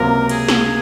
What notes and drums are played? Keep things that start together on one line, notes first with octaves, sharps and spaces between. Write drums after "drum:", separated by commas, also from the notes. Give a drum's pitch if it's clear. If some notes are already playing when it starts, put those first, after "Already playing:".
Already playing: C#2 C3 F#3 A#3 A#4
G#4, drum: cymbal
drum: snare